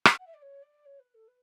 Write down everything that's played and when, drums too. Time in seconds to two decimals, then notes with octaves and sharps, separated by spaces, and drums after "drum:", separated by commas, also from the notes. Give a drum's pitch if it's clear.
0.05 drum: rim click
0.19 F#5
0.26 E5
0.34 D5
0.41 C#5
0.62 D5
0.85 C#5
0.99 B4
1.14 A4
1.27 B4